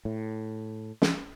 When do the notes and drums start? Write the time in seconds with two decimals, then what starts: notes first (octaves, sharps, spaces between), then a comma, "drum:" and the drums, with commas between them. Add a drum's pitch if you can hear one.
0.05 A2
1.02 drum: snare